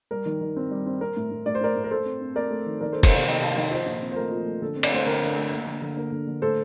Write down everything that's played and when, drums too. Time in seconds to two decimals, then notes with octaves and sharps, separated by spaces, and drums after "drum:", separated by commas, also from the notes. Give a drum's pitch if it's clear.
0.11 G3 A#4
0.26 D#3
0.41 D#3
0.56 C4
0.71 G3
0.86 C4
1.01 C4 A#4
1.16 A2
1.31 A2
1.46 A2 D5
1.55 C5
1.61 A2 A#4 D5
1.76 A2
1.84 A#4
1.91 A3 A4 C5
2.06 C4
2.21 C4
2.36 A3 A#4 D5
2.51 A3
2.66 D#3
2.81 D#3 A#4 D5
2.92 A4 C5
2.96 A#3
3.03 A4 C5, drum: kick, cymbal
3.11 C3 A#4 D5
3.26 D#3 D#5 G5
3.41 C3 F5 A5
3.56 D#3 D#5 G5
3.71 F3 C5 D#5
3.86 A#2
4.02 C4
4.12 C5
4.16 A3 A#4
4.32 F3
4.47 A3
4.62 D3 A4
4.76 C4
4.83 D5, drum: cymbal
4.92 A3 C5
5.06 D3 A#4
5.22 D3
5.37 A3
5.52 A#3
5.67 D3
5.82 D3
5.97 A#3
6.12 D3
6.27 D3
6.42 A2 A4 C5